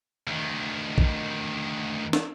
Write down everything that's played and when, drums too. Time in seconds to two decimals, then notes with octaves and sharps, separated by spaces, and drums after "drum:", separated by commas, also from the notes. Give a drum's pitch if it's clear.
0.27 D2 D#3
0.98 drum: kick A#1
2.13 drum: snare